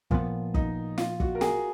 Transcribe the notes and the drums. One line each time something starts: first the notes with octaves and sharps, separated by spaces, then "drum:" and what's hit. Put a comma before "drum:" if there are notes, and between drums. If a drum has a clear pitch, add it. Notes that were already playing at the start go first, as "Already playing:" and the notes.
A#2 F3 B3 F4, drum: kick
D#4, drum: kick
F4, drum: snare
F#4, drum: kick
A#4
G#4, drum: snare